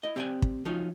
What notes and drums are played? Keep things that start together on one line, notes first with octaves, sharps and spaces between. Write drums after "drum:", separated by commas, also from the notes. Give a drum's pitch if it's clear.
E4 D#5
C4 G4 D5 F5 G5 G#5
drum: kick
F3 F#3 C#4 D#4 F4